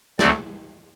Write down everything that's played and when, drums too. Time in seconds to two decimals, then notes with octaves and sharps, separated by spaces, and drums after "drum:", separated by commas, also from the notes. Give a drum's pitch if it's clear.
0.19 D2 D3 F#3 A3 C4 D5, drum: snare